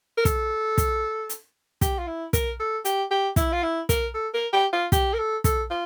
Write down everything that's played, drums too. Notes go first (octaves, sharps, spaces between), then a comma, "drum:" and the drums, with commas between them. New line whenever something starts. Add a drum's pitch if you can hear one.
A#4
A4, drum: kick, hi-hat
drum: kick, hi-hat
drum: hi-hat
G4, drum: kick, hi-hat
F4
E4
A#4, drum: kick, hi-hat
A4
G4, drum: hi-hat
G4
E4, drum: kick, hi-hat
F4
E4
A#4, drum: kick, hi-hat
A4
A#4
G4
F4
G4, drum: kick, hi-hat
A#4
A4
A4, drum: kick, hi-hat
F4